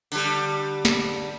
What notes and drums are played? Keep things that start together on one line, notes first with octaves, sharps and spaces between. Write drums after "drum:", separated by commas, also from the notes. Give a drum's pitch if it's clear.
D3 G3, drum: cymbal
drum: snare